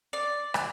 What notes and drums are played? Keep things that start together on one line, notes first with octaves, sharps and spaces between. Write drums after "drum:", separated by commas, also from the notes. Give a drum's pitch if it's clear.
D5
drum: rim click